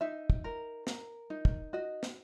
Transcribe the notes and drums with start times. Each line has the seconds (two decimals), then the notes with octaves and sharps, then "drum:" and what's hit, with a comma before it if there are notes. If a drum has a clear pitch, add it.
0.01 D#4 E5
0.30 drum: kick
0.44 A#4
0.87 A#4, drum: snare
1.30 D#4
1.45 drum: kick
1.73 F#4 D#5
2.03 drum: snare